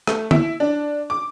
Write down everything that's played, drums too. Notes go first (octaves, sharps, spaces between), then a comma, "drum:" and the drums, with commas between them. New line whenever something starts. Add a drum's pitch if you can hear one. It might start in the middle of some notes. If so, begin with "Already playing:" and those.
A3, drum: rim click
E4, drum: tom D3
D4
D6